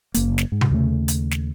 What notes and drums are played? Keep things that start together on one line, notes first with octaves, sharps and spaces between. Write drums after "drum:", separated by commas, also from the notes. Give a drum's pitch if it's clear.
F#1 A#3, drum: hi-hat
drum: snare
G#2
drum: tom C3
D#2 C#3 A3
drum: hi-hat
drum: snare